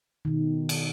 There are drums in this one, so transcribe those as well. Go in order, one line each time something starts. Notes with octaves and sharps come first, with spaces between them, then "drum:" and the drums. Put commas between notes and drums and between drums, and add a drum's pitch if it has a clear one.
B2 D#3
drum: cymbal